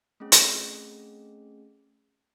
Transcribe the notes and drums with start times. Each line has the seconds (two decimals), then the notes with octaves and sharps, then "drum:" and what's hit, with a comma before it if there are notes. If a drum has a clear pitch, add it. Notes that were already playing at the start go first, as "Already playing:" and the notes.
0.20 A3 C4 C#4 G#4
0.32 drum: hi-hat